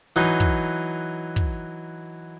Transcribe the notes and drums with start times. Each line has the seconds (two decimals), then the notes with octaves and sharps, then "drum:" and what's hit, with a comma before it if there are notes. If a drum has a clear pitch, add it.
0.16 E3 F#3 D#4
0.40 drum: kick
1.36 drum: kick